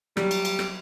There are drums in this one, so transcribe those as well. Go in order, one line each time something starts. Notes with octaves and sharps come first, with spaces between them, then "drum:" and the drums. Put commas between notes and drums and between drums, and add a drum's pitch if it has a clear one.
F#3 G3, drum: rim click
drum: cymbal
drum: cymbal
drum: rim click